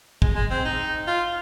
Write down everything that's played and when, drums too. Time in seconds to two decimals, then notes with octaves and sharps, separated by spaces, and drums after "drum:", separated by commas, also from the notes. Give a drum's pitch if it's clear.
0.22 G#3, drum: kick
0.35 G#3
0.50 C4
0.65 D#4
1.07 F4